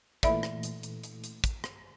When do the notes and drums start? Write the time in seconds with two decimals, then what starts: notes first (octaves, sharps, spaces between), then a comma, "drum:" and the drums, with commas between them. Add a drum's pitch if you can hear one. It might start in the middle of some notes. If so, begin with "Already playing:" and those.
0.23 A#2 E3 A3 D5 E5 B5, drum: kick, hi-hat
0.43 drum: rim click
0.63 drum: hi-hat
0.83 drum: hi-hat
1.03 drum: hi-hat
1.24 drum: hi-hat
1.44 drum: kick, hi-hat
1.64 drum: rim click